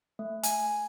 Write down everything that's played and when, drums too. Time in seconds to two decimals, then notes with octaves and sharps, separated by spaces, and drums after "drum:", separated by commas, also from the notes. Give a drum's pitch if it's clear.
0.19 A3
0.43 G#5, drum: hi-hat